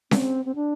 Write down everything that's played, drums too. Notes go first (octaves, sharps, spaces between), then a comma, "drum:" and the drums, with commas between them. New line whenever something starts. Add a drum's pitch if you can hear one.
C4, drum: snare C#4
C4
D4